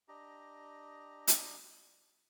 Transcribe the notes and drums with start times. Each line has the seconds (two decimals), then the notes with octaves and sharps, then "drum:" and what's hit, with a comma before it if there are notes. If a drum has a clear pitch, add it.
0.08 D4 G4 D#5 A#5
1.27 drum: hi-hat